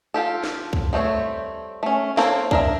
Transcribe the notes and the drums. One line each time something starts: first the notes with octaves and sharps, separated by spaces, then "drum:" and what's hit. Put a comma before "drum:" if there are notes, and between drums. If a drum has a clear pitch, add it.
F4 G4 A4
drum: snare
drum: kick
G3 A3 C4 C#5
A3 C#4
A#3 C4 A4 C5 C#5, drum: snare
D4 A#4 E5, drum: kick